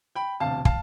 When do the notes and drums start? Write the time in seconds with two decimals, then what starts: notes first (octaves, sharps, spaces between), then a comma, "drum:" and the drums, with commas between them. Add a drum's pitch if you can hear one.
0.15 G5 B5
0.40 E1 D2 C3 F5 A5
0.65 F5 A5, drum: kick